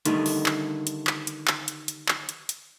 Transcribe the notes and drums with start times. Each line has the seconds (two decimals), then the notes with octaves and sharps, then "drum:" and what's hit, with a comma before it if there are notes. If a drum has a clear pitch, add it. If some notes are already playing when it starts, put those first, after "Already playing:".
0.05 D3 D#3 G3 A3 D#4, drum: hi-hat
0.26 drum: open hi-hat
0.46 drum: clap
0.87 drum: hi-hat
1.07 drum: clap
1.27 drum: hi-hat
1.48 drum: clap
1.68 drum: hi-hat
1.88 drum: hi-hat
2.08 drum: clap
2.29 drum: hi-hat
2.49 drum: hi-hat